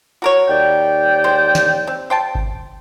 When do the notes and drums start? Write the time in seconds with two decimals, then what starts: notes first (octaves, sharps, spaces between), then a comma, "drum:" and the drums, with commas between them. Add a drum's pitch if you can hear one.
0.22 F#4 A#4 C#5
0.49 D#2 D5 G5
1.24 G#3 C5
1.55 drum: snare
1.87 C4
2.10 C5 G5 A5
2.35 drum: kick G1